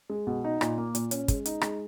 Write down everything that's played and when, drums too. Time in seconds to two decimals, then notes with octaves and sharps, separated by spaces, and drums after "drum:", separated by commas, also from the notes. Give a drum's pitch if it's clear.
0.10 G#3
0.27 B2
0.44 D#4
0.61 A#2, drum: rim click
0.78 A#3
0.95 A#2, drum: hi-hat
1.11 C#4, drum: hi-hat
1.28 G#3, drum: kick, hi-hat
1.45 D#4, drum: hi-hat
1.61 G#3, drum: rim click